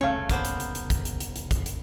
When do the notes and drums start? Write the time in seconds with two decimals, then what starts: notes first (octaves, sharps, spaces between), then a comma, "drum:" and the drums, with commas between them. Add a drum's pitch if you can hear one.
0.01 E1 C2 C#3 A3 C#4 C#5 F5
0.29 A#3 B3 C5, drum: kick, hi-hat
0.45 drum: hi-hat
0.60 drum: hi-hat
0.75 drum: hi-hat
0.90 drum: kick, hi-hat
1.05 drum: hi-hat
1.20 drum: hi-hat
1.36 drum: hi-hat
1.51 drum: kick, hi-hat
1.66 drum: hi-hat